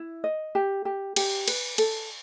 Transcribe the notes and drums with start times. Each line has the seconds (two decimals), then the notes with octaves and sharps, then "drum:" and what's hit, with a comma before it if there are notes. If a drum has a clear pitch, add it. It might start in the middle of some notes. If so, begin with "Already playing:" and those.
Already playing: E4
0.24 D#5
0.55 G4
0.85 G4
1.16 G4, drum: cymbal
1.48 B4, drum: cymbal
1.78 A4, drum: cymbal